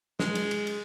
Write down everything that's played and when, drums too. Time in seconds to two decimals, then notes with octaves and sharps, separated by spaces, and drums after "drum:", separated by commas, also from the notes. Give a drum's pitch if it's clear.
0.20 G#3, drum: snare
0.35 drum: cymbal
0.51 drum: cymbal
0.67 drum: cymbal